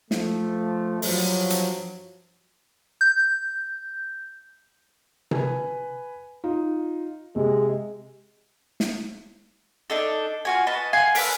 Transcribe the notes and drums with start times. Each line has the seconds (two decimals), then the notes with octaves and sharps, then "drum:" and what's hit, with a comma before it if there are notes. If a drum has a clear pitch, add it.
0.11 F3 A3, drum: snare
1.02 G2 F3 F#3, drum: open hi-hat
1.50 drum: hi-hat
3.01 G6
5.31 B4 G#5, drum: tom C3
6.44 D#4 F4
7.36 C3 G#3
8.80 drum: snare
9.90 D4 D#4 A4
10.45 F4 F#4 G#5
10.67 B4 D#5 A5
10.93 F5 F#5 G#5 C6
11.15 A#4 B4 A5 E6, drum: open hi-hat